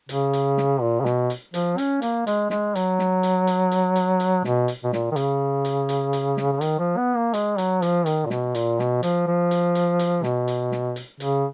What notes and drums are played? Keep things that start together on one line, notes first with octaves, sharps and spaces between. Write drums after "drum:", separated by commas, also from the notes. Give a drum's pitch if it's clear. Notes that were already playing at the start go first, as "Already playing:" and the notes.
C#3, drum: hi-hat
drum: hi-hat
drum: snare
A#2
C#3
B2, drum: snare
drum: hi-hat
F3, drum: hi-hat
C#4, drum: hi-hat
A#3, drum: hi-hat
G#3, drum: hi-hat
G#3, drum: snare
F#3, drum: hi-hat
drum: snare
drum: hi-hat
drum: hi-hat
drum: hi-hat
drum: hi-hat
drum: hi-hat
B2, drum: snare
drum: hi-hat
B2
A#2, drum: snare
D#3
C#3, drum: hi-hat
drum: hi-hat
drum: hi-hat
drum: hi-hat
drum: snare
C#3
D#3, drum: hi-hat
F3
B3
A#3
G#3, drum: hi-hat
F#3, drum: hi-hat
F3, drum: hi-hat
D#3, drum: hi-hat
A#2
B2, drum: snare
A#2, drum: hi-hat
B2, drum: snare
F3, drum: hi-hat
F3
drum: hi-hat
drum: hi-hat
drum: hi-hat
B2, drum: snare
drum: hi-hat
drum: snare
drum: hi-hat
C#3, drum: hi-hat